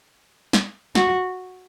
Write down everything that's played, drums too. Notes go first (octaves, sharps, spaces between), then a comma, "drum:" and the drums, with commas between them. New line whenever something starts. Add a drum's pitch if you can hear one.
drum: snare
F#4, drum: snare